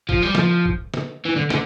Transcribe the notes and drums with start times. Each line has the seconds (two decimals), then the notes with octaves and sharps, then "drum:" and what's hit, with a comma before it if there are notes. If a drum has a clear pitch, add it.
0.09 F3, drum: kick
0.22 G3
0.35 F3, drum: snare
0.65 drum: kick
0.94 drum: snare
1.25 E3
1.36 D3
1.50 D3, drum: snare